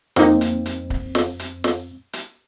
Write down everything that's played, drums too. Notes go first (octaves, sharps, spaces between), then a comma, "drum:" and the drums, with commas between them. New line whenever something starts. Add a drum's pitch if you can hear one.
F2 A#3 C4 D#4, drum: snare
drum: hi-hat
drum: hi-hat
drum: kick C#1
drum: snare
drum: hi-hat
drum: snare
drum: hi-hat